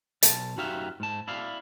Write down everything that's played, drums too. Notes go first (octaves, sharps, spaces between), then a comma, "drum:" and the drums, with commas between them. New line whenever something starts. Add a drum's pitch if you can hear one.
B1 A5, drum: hi-hat
F#2 D#4 F#4 G4 E5 F5
G#2 A5
E4 D5 F5